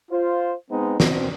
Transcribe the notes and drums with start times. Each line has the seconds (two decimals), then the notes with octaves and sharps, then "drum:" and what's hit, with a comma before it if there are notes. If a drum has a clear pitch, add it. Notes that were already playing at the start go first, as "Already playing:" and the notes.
0.11 F4 C5
0.70 G#3 B3 C4 D#4
1.00 B2 C4, drum: snare